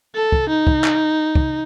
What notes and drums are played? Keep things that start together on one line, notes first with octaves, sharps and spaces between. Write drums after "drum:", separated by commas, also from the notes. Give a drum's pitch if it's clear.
A4
drum: kick
D#4
drum: kick
drum: clap
drum: kick